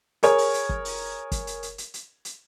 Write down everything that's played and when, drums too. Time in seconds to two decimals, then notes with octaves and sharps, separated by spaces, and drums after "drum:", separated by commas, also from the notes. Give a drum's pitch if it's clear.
0.23 G#4 A#4 C#5, drum: hi-hat
0.38 drum: open hi-hat
0.54 drum: hi-hat
0.69 drum: kick
0.85 drum: open hi-hat
1.32 drum: kick, hi-hat
1.47 drum: hi-hat
1.63 drum: hi-hat
1.78 drum: hi-hat
1.94 drum: hi-hat
2.25 drum: hi-hat